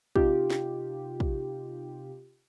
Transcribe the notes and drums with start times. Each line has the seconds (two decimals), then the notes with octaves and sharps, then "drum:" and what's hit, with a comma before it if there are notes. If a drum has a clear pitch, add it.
0.16 C3 D#4 F4 G4, drum: kick
0.50 drum: snare
1.20 drum: kick